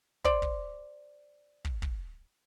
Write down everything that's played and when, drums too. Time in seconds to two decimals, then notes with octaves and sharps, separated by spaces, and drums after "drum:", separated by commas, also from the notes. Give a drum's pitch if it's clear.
0.24 C5 D5, drum: kick
0.42 drum: kick
1.65 drum: kick
1.82 drum: kick